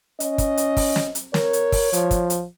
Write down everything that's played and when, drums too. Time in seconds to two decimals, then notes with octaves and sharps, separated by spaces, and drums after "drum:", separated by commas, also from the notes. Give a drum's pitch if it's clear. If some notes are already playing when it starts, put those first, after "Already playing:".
0.20 C#4 D#5, drum: hi-hat
0.38 drum: kick, hi-hat
0.57 drum: hi-hat
0.77 drum: kick, open hi-hat
0.96 drum: snare
1.15 drum: hi-hat
1.34 A#4 C#5, drum: snare
1.53 drum: hi-hat
1.72 drum: kick, open hi-hat
1.93 F3, drum: hi-hat
2.11 drum: kick, hi-hat
2.30 drum: hi-hat